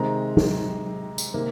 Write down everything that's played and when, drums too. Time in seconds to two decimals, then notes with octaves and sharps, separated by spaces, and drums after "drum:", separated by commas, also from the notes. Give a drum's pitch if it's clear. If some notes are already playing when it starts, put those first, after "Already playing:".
Already playing: C3 D#3 G#3 C4 A#5
0.37 drum: tom
1.18 drum: tambourine
1.34 C3 D#3 A#3